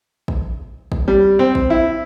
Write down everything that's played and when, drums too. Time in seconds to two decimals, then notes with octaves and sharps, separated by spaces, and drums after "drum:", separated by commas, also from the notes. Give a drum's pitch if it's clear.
0.28 drum: kick
0.92 drum: kick
1.08 G3
1.39 C4
1.55 drum: kick
1.70 E4